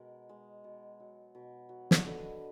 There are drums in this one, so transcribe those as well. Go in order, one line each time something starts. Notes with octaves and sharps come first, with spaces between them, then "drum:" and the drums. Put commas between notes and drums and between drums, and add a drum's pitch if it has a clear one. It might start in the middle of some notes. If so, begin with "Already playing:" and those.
Already playing: B2 G#3 A#4
G#3
B2
F#3
B2
F#3
drum: snare
D3 B4 D#5